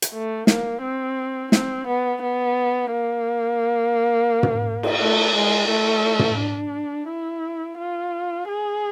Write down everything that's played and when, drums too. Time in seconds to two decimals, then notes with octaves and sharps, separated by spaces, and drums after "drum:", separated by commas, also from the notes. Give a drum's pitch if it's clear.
0.02 drum: hi-hat
0.13 A3
0.47 A#3, drum: snare
0.82 C4
1.52 C4, drum: snare
1.87 B3
2.22 B3
2.92 A#3
4.43 drum: tom
4.83 drum: cymbal
5.01 A3
5.35 G#3
5.69 A3
6.19 drum: tom
6.39 D4
7.08 E4
7.78 F4
8.48 G#4